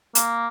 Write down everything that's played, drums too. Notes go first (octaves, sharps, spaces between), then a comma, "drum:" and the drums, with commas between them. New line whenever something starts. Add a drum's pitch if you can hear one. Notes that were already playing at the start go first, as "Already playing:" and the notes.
A#3, drum: hi-hat